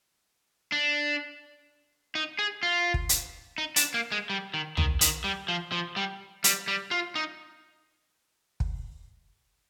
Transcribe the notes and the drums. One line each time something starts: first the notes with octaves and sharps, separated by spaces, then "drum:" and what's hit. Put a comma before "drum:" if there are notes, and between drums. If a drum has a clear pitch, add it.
D4
D#4
G#4
F4
drum: kick
drum: hi-hat
D#4
D4, drum: hi-hat
A#3
G#3
G3
D#3
D#3, drum: tom
D#3, drum: hi-hat
G3
F3
F3
G3
G3, drum: hi-hat
G3
F4
D#4
drum: kick